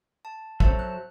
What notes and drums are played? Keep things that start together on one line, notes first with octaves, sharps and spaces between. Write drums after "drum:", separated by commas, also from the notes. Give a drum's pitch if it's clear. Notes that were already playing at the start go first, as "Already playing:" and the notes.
A5
F#3 A4 C5 E5 A5, drum: kick
F#6